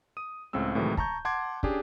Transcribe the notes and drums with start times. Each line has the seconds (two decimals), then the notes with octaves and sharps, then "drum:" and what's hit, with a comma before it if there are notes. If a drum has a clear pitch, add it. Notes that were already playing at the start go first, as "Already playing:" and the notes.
0.17 D#6 D#7
0.53 C#2 A2 C#3 C4 E6
0.75 A2 C3 D#3 E3 F#3 G#3
0.97 A5 A#5 C#6 G6, drum: kick
1.25 F#5 A5 C6 D6 G#6
1.63 C#4 D4 G4 G#4, drum: kick